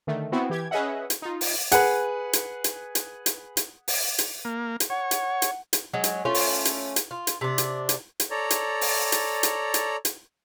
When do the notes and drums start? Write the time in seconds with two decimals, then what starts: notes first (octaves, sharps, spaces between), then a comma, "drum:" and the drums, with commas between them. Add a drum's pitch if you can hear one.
0.07 D3 D#3 A3
0.32 B3 C4 E4 F#4
0.50 E3 G4 G#6
0.71 C#4 G#4 B4 D#5 E5 F#5
1.10 drum: hi-hat
1.22 D#4 F4
1.41 drum: open hi-hat
1.72 G#4 B4 F#5, drum: hi-hat
2.33 drum: hi-hat
2.64 drum: hi-hat
2.95 drum: hi-hat
3.26 drum: hi-hat
3.57 drum: hi-hat
3.88 drum: open hi-hat
4.18 drum: hi-hat
4.45 A#3
4.80 drum: hi-hat
4.90 C#5 F#5
5.11 drum: hi-hat
5.42 drum: hi-hat
5.73 drum: hi-hat
5.93 F#3 G#3 C#4
6.04 drum: hi-hat
6.25 A3 C#4 F4
6.34 drum: open hi-hat
6.65 drum: hi-hat
6.96 drum: hi-hat
7.11 F4
7.27 drum: hi-hat
7.41 C3 D4
7.58 drum: hi-hat
7.89 drum: hi-hat
8.20 drum: hi-hat
8.31 A4 C#5 D5 A#5
8.50 drum: hi-hat
8.81 drum: open hi-hat
9.12 drum: hi-hat
9.43 drum: hi-hat
9.74 drum: hi-hat
10.05 drum: hi-hat